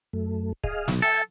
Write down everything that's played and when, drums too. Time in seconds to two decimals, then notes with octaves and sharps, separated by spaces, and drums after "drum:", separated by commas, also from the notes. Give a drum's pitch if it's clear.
0.13 F#2 A3
0.64 G#4 D#5 F5, drum: kick C#1
0.88 B1 B2, drum: snare
1.02 A4 E5 G5 G#5